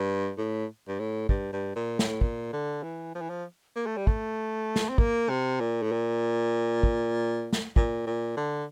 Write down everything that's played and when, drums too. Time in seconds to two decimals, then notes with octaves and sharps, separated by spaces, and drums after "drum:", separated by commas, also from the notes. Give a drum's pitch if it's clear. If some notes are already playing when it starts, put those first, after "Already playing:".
Already playing: G2
0.38 A2
0.88 G2
0.99 A2
1.29 G2, drum: kick
1.53 G2
1.76 A#2
1.99 A2, drum: snare
2.21 A#2, drum: kick
2.53 D3
2.83 E3
3.15 F3
3.21 E3
3.30 F3
3.76 A#3
3.86 A3
3.97 G3
4.07 A3, drum: kick
4.76 drum: snare
4.89 C4
4.98 A#3, drum: kick
5.29 C3
5.60 A#2
5.82 A2
5.92 A#2
6.83 drum: kick
7.53 drum: snare
7.76 A#2, drum: kick
8.07 A#2
8.37 D3